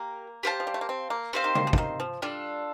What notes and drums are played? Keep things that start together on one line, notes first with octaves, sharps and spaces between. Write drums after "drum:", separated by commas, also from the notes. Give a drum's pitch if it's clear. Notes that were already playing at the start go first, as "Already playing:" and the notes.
Already playing: A#3 G4 A#4
G4 C5 F5 A5
F3
G3
A3
A#3
C4
A#3
C4 G4 C5 F5
D#3
D#3, drum: tom C#3
F3
D3, drum: kick
D#3
F3
G3 D4 F4 A4